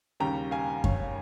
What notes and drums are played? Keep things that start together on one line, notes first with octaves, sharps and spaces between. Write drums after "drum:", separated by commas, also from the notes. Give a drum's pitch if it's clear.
D#2 C#3 G3 G5 A#5
F5 G#5
C#5 F5, drum: kick F#2